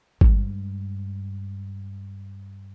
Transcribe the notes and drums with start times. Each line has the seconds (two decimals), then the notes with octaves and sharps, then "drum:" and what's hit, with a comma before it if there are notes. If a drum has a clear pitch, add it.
0.21 G2 G#3, drum: kick G#1